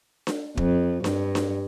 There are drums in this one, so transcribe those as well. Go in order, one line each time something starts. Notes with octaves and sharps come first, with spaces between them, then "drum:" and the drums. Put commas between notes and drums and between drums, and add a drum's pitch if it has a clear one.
drum: snare D4
F2, drum: kick
G2, drum: snare D4
drum: snare D4